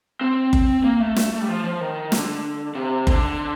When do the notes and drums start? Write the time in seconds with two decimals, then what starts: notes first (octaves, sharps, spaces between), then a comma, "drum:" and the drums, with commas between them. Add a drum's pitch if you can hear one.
0.21 C4
0.53 drum: kick F#1
0.84 A#3
1.00 A3
1.16 drum: snare
1.41 G3
1.48 F3
1.64 F3
1.81 D#3
2.12 D3, drum: snare
2.75 C3
3.07 D3, drum: kick F#1